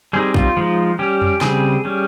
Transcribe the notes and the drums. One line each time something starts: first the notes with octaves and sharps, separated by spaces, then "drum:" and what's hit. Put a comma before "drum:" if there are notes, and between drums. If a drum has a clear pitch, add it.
G3 C4 D#4 G#4
F4, drum: kick
F3 G#3 D#4
G3 C#4 G4
drum: tom F2
C#3 G3 C4 G#4, drum: snare
G3 C#4